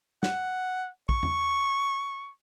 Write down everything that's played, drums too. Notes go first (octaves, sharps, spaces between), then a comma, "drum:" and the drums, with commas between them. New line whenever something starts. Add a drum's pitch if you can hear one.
F#5, drum: snare
C#6, drum: kick
drum: tom E2